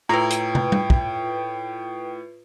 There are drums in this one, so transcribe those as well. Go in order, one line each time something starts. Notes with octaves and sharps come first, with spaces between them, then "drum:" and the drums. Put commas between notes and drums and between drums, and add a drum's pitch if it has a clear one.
A2 F4 B4 G5 A#5
drum: hi-hat
drum: tom
drum: tom G3
drum: kick